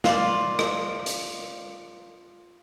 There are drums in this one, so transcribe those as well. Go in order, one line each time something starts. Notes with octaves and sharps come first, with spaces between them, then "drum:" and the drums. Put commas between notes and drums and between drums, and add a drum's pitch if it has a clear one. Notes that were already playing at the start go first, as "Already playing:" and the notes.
F4 D5, drum: snare
drum: rim click
drum: hi-hat